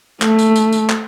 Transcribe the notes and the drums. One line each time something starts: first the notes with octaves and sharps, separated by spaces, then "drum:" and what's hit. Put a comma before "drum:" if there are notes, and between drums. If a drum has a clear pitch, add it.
A3, drum: clap
drum: tambourine
drum: tambourine
drum: tambourine
drum: clap